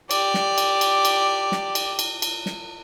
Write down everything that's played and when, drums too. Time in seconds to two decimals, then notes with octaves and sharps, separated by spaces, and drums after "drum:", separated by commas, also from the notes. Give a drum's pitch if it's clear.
0.11 G4 D5, drum: cymbal
0.34 drum: snare
0.58 drum: cymbal
0.81 drum: cymbal
1.05 drum: cymbal
1.52 drum: snare
1.75 drum: cymbal
1.99 drum: cymbal
2.22 drum: cymbal
2.46 drum: snare